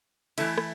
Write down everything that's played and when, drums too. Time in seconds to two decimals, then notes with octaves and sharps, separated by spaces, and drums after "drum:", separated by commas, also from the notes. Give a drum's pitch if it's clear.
0.38 E3 A3 E4, drum: cymbal
0.57 drum: rim click